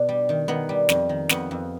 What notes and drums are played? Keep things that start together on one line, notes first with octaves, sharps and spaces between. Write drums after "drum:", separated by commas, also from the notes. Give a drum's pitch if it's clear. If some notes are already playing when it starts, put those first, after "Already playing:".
Already playing: B2 D4
G3
D#3
D#3 B3
G3
F2, drum: snare
D#3
F2 B3, drum: snare
F2